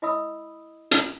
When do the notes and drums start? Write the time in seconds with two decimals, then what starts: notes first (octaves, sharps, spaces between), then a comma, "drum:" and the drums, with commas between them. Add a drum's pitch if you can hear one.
0.02 E4 D#5 E5 B5 D#6 E6
0.91 drum: hi-hat